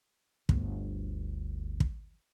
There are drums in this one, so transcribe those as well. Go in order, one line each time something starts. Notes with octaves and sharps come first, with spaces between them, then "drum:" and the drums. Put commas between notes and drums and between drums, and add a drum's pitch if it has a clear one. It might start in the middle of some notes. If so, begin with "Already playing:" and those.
G1 D2, drum: kick
drum: kick